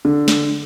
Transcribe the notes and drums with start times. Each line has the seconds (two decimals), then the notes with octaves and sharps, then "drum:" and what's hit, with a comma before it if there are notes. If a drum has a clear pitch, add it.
0.05 D3
0.28 drum: snare